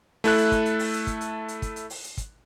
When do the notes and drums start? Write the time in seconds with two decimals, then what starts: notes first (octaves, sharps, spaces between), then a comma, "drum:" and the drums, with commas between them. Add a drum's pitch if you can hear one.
0.24 A3 E4 A4 F#6, drum: open hi-hat
0.38 drum: hi-hat
0.52 drum: kick, hi-hat
0.65 drum: hi-hat
0.79 drum: open hi-hat
0.93 drum: hi-hat
1.07 drum: kick, hi-hat
1.21 drum: hi-hat
1.48 drum: hi-hat
1.62 drum: kick, hi-hat
1.76 drum: hi-hat
1.90 drum: open hi-hat
2.04 drum: hi-hat
2.17 drum: kick, hi-hat